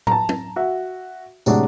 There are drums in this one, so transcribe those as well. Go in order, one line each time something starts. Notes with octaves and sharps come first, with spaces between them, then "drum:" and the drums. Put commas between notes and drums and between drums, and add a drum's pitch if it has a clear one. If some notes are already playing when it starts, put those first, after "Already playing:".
A5 A#5, drum: tom
drum: tom
F#4 E5
A2 C3 F#3 G#3 D4 F#4, drum: tambourine